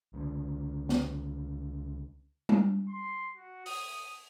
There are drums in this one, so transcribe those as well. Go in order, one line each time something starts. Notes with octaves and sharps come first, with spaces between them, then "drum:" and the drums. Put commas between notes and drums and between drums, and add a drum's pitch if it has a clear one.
C#2 D3
drum: snare B3
drum: tom G3
C6
F#4
D#6, drum: open hi-hat